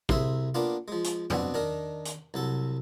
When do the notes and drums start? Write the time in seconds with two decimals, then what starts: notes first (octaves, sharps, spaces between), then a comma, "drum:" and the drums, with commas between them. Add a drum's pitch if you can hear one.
0.09 C2 G#4 C5 E5, drum: kick
0.55 A#3 B3 D4 F4
0.88 F3 G#3
1.04 drum: hi-hat
1.30 B2 B3 C4 D4, drum: tom E2
1.54 D#3 D4 D#4 A#4
2.05 drum: hi-hat
2.34 C2 F#3 A4